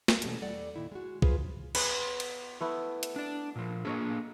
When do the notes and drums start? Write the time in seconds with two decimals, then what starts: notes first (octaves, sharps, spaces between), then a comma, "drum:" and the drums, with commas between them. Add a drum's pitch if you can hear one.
0.08 drum: snare
0.22 B2 E3 G3 C#4 A4, drum: hi-hat
0.41 E2 G3 A4 D5 F#5
0.76 A#2 D#3 E4
0.92 G#3 F#4
1.22 F4 G#4 B4 C5, drum: kick
1.75 B3 G#4 B4, drum: cymbal
2.20 drum: cymbal
2.61 A3 B3 E4
3.03 drum: hi-hat
3.16 D4 D5
3.56 A#2 F3
3.85 A#3 D4 G#4 A4 C#5 D#5